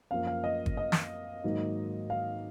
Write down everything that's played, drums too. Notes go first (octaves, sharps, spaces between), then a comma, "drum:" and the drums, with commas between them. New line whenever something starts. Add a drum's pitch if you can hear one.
F#2 F3 A#3 F5
F5
D#5
drum: kick
D#5
drum: snare
G#2 D#3 F#3 A#3
F5